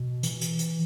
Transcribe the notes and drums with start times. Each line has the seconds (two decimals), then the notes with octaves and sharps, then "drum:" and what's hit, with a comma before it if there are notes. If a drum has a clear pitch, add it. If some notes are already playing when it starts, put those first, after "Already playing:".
Already playing: B2
0.23 E3, drum: hi-hat
0.41 drum: hi-hat
0.59 drum: hi-hat